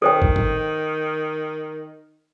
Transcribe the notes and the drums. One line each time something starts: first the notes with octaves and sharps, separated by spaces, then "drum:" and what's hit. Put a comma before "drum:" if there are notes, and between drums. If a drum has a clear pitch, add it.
D#3 A4 C5 G5
drum: kick
drum: tom